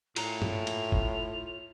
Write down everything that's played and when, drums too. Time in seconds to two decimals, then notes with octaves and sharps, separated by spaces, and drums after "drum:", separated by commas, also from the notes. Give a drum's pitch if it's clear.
0.16 A2 F4 A#5 F7, drum: cymbal
0.42 drum: tom
0.67 drum: cymbal
0.92 drum: kick G1